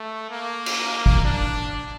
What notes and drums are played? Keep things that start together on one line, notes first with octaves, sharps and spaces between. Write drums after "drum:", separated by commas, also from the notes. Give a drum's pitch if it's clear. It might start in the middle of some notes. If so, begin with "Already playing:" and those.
Already playing: A3
A#3
drum: cymbal
drum: kick
D4